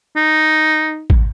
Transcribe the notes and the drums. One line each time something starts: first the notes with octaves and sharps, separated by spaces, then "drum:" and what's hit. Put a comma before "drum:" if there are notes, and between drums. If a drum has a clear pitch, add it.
D#4
drum: kick